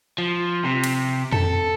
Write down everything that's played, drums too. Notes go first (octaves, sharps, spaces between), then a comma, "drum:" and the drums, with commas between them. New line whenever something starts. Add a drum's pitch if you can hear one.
F3
C3
drum: cymbal
A4, drum: tom F2